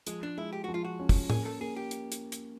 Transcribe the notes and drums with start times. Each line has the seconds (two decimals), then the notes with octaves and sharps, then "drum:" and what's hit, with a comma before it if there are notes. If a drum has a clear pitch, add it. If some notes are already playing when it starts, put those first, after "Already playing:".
0.07 F3 G#3, drum: hi-hat
0.23 D4
0.38 G#3 E4
0.53 G4
0.64 F3 F#4
0.74 F4
0.85 F#4
0.99 C#4
1.09 drum: kick, open hi-hat
1.30 A#3 G#4, drum: tom
1.45 A4
1.60 A#3 G#4
1.76 G4
1.91 drum: hi-hat
2.12 drum: hi-hat
2.32 drum: hi-hat